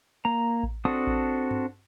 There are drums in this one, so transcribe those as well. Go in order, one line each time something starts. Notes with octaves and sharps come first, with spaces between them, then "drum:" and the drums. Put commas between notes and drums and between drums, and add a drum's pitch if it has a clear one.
A#3 A#5
drum: kick A1
C4 D4 F#4 A4 D#6
drum: kick A1
drum: tom G2